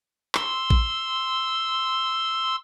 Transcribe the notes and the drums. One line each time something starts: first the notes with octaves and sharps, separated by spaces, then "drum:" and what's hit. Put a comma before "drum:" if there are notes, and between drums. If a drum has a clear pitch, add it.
C6 E6, drum: clap
drum: kick A#1